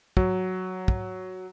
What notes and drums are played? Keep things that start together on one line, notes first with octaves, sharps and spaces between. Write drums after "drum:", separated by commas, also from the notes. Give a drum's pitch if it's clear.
F#3, drum: kick
drum: kick